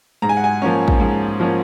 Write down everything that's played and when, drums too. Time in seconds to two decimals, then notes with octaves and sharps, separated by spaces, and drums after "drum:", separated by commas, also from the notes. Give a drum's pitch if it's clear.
0.22 G#2 A#5
0.29 G#5
0.37 F#5
0.44 G#5
0.62 F3 A#3 C#4
0.88 drum: kick A1
1.00 G#2
1.40 F3 A#3 C#4